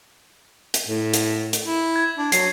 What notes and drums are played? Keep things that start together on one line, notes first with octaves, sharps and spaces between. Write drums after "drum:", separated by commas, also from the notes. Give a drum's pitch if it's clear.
drum: hi-hat
A2
drum: hi-hat
drum: hi-hat
E4
G#6
D4
F#3 C7, drum: hi-hat